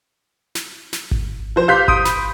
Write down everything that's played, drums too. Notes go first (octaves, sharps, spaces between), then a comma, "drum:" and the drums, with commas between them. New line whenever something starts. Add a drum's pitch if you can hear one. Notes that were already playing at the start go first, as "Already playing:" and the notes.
drum: snare
drum: snare
drum: kick G#1
F3 C5
G4 F5 C6 D6 G6 B6
C6 D#6 D7, drum: kick G#1
B5, drum: snare